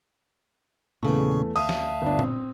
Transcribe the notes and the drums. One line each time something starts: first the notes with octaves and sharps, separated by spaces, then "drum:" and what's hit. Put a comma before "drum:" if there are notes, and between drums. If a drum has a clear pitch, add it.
E2 A#2 C#3 A3 G#4 C#6
D2 E5 F5 A5 D#6, drum: cymbal
drum: snare
G1 D4
C4, drum: tom A#2